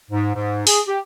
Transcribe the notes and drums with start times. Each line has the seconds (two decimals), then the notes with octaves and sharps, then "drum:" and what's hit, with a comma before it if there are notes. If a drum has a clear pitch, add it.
0.10 G#2
0.35 G#2
0.67 G#4, drum: open hi-hat
0.88 G4